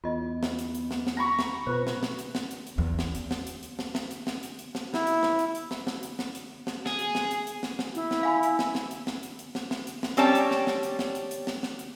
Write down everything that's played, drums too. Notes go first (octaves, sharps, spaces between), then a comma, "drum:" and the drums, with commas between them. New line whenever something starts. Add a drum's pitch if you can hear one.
E2 B3 F4 D#5
drum: snare
drum: hi-hat
drum: hi-hat
drum: snare
drum: snare
A#5 B5 C#6
drum: snare
B2 B3 F4 B4 C5
drum: snare
drum: snare
drum: hi-hat
drum: snare
drum: hi-hat
drum: hi-hat
E2
drum: snare
drum: hi-hat
drum: snare
drum: hi-hat
drum: hi-hat
drum: snare
drum: snare
drum: hi-hat
drum: snare
drum: hi-hat
drum: hi-hat
drum: snare
E4, drum: snare
drum: hi-hat
drum: snare
drum: hi-hat
drum: hi-hat
drum: snare
drum: snare
drum: hi-hat
drum: snare
drum: hi-hat
drum: snare
G#4, drum: snare
drum: hi-hat
drum: snare
drum: hi-hat
drum: hi-hat
drum: snare
drum: snare
E4, drum: hi-hat
drum: snare
F5 G#5 B5
drum: hi-hat
drum: snare
drum: snare
drum: hi-hat
drum: snare
drum: hi-hat
drum: hi-hat
drum: snare
drum: snare
drum: hi-hat
drum: snare
G3 C4 C#4 C#5 D5 A5, drum: hi-hat
drum: hi-hat
drum: snare
drum: snare
drum: hi-hat
drum: snare
drum: hi-hat
drum: hi-hat
drum: snare
drum: snare
drum: hi-hat